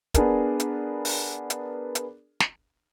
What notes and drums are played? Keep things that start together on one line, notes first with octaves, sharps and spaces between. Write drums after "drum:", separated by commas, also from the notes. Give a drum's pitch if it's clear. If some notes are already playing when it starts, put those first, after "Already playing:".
B3 D4 G#4 A#4, drum: kick, hi-hat
drum: hi-hat
drum: open hi-hat
drum: hi-hat
drum: hi-hat
drum: snare